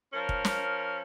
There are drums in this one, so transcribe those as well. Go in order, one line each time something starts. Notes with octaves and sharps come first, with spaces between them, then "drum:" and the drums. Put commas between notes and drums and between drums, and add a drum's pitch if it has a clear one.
F3 C#4 A#4
drum: kick
drum: snare